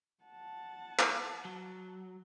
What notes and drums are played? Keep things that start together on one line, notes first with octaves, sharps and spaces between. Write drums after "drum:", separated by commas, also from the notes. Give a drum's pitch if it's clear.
F#5 A5
drum: clap
F#3